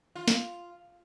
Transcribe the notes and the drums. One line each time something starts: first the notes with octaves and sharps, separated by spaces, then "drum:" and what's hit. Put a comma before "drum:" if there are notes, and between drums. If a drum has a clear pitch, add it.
F4
drum: snare